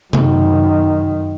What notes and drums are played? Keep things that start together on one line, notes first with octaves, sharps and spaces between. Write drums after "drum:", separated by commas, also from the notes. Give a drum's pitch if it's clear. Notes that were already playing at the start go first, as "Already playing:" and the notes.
F#2 D#3, drum: tom C3